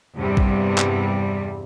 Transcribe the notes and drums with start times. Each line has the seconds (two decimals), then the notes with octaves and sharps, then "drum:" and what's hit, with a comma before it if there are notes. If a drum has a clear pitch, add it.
0.17 E2 G2 C3 G3
0.37 drum: kick
0.78 drum: clap